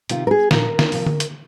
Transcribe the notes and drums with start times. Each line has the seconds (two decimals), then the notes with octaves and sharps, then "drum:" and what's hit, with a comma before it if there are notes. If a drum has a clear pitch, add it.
0.09 C3 D#3 F4, drum: hi-hat
0.27 A#4
0.31 G#4
0.51 A#2 F3 A#4, drum: snare
0.79 drum: snare
0.92 C3 F3, drum: open hi-hat
1.06 drum: tom D3
1.20 drum: hi-hat